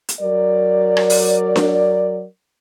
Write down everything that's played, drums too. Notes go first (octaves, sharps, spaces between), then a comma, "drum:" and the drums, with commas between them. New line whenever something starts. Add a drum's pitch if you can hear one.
drum: hi-hat
F#3 A#4 D5
drum: rim click
drum: open hi-hat
drum: snare D4